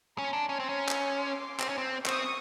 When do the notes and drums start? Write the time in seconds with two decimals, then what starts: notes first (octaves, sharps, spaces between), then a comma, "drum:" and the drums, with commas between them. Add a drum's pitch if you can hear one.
0.18 C#4 A#5 C6
0.33 D4
0.49 C#4
0.60 C4
0.65 C#4 A#5 C6
0.88 drum: clap
1.12 C6 D6
1.59 C4, drum: clap
1.69 C#4
1.78 C4
2.06 C4 C#6 D#6, drum: clap